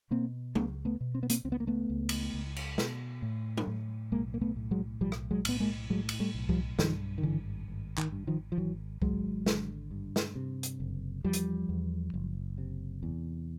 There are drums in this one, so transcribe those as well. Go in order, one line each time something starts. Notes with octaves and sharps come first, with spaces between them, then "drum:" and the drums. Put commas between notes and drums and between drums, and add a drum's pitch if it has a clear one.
B2 A#3 C4
C#2 A3 B3, drum: tom F#3
A3 B3
B2
C4
B3
A#3 C4, drum: hi-hat
C#2 C4
B3
A#3
A3 B3
C#2
drum: cymbal
C#2
drum: cymbal
B2, drum: snare
A2
drum: tom F#3
A2
B1 G#3 A#3
A#3
A3 B3
A2
F#3 G#3
B1 F3 G3
drum: rim click
F#3 G#3
A2 B3, drum: cymbal
G#3 A#3
A2 F#3 G#3
drum: cymbal
G3 A3
B1
F3 G3, drum: kick C2
G2 D#3 F3, drum: snare
D#3
G#1 D3 E3
G#1
D#3, drum: clap
G2
D#3 F3
F3
G#1 E3 F#3
G#1 F#3 G#3, drum: kick C2
D3, drum: snare
G2
drum: snare
C3
drum: hi-hat
F#1
E2 F3 G3
drum: hi-hat
E2
F#1
C3
E2